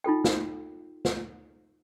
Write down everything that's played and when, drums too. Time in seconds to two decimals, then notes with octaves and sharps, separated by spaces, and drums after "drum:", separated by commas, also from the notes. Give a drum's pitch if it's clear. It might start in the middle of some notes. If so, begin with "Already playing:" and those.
0.04 D#4 F4 A4 G5
0.24 drum: snare
1.05 drum: snare